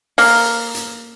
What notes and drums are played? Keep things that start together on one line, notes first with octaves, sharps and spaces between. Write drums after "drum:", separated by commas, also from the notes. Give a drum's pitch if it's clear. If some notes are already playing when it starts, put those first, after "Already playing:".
A#3, drum: open hi-hat
drum: hi-hat